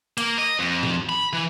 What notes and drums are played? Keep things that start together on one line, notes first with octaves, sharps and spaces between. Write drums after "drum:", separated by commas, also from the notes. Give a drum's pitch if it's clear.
A#3, drum: hi-hat
D#5
F2
drum: tom A2
B5
E3